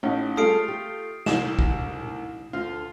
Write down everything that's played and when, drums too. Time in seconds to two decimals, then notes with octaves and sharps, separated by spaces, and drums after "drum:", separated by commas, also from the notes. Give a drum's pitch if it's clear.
0.03 A1 C#4 D#4
0.37 G3 A3 F4 G#4 A4 D#6 C7 D7
0.68 G4
1.26 C2 E7, drum: snare
1.59 drum: kick
2.53 D2 D3 F4